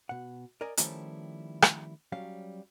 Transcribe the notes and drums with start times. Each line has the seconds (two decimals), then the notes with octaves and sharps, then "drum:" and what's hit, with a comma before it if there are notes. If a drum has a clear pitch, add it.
0.09 B2 F#5
0.61 A#4 D5 D#5 G#5 A#5
0.77 D#3 F3 G3 A3 C#4 E4, drum: hi-hat
1.62 drum: rim click
2.12 F#3 G3 C#4 F5